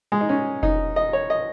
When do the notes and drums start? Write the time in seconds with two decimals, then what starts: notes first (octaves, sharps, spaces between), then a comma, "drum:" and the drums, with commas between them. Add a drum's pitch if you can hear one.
0.12 G#3
0.21 D#4
0.29 C#4
0.63 D#4, drum: kick F1
0.96 D#5
1.13 C#5
1.30 D#5